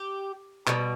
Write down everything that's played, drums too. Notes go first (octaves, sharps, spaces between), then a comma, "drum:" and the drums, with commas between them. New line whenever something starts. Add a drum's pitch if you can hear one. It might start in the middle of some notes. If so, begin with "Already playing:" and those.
Already playing: G4
B2 G3, drum: clap